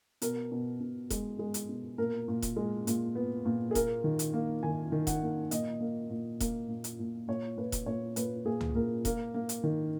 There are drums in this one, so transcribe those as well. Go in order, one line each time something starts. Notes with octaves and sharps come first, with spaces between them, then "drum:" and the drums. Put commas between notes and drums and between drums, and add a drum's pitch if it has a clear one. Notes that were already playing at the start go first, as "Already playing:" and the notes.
B2 A#4, drum: hi-hat
B2
B2
G#3, drum: kick E1, hi-hat
G#3
drum: hi-hat
B2
A#2 A#4
A#2
drum: kick E1, hi-hat
G#3
A#2, drum: hi-hat
B3
A#2
G#4
A#3 A#4, drum: kick E1, hi-hat
D#3
drum: hi-hat
A#3
D#3 G#5
D#3
F#5, drum: kick E1, hi-hat
A#3
A#2 D#5, drum: hi-hat
A#3
A#2
A#3, drum: kick E1, hi-hat
A#2
drum: hi-hat
A#2
A#2 C#5
A#2 B4
drum: kick E1, hi-hat
A#2 C#5
A#2 B4, drum: hi-hat
A#2 G#4
drum: tom
A#2 A#4
A#3 A#4, drum: kick E1, hi-hat
A#3
drum: hi-hat
D#3